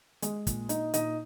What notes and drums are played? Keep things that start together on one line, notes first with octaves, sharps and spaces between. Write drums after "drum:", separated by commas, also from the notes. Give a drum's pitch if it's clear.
G#3, drum: hi-hat
A#2, drum: kick, hi-hat
D#4 D#5, drum: hi-hat
A#2 D#4 D#5, drum: hi-hat